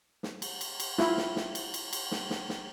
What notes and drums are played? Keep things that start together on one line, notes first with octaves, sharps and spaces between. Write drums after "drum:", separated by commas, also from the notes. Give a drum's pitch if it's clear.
drum: snare
drum: cymbal
drum: cymbal
drum: cymbal
E4 F4, drum: snare
drum: snare
drum: snare
drum: cymbal
drum: cymbal
drum: cymbal
drum: snare
drum: snare
drum: snare